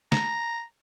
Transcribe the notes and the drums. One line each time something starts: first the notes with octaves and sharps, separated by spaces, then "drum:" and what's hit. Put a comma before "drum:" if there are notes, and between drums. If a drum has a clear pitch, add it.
A#5, drum: snare